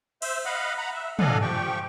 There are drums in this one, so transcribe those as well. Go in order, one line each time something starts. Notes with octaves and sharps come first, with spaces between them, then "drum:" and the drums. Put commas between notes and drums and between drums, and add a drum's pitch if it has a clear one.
C5 E5, drum: cymbal
D#5 F5 F#5 B5
F#5 A#5 B5
E5
D4 A4 D#5 F5 F#5 G#5, drum: tom
F3 G4 G5 C#6